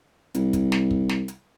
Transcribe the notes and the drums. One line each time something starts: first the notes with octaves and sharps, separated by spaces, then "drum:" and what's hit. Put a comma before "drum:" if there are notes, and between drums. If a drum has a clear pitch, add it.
C2, drum: hi-hat
drum: kick, hi-hat
drum: snare
drum: kick
drum: snare
drum: hi-hat